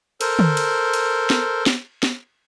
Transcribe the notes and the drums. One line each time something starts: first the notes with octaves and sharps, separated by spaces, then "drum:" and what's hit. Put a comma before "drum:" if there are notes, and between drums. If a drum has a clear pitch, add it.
A4 A#4 C5, drum: cymbal
drum: tom
drum: cymbal
drum: cymbal
drum: snare
drum: snare
drum: snare